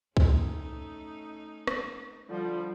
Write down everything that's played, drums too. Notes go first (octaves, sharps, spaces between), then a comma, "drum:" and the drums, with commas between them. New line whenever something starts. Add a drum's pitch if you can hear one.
A3 C#4 D#4, drum: kick C2
drum: rim click
D3 F3 G3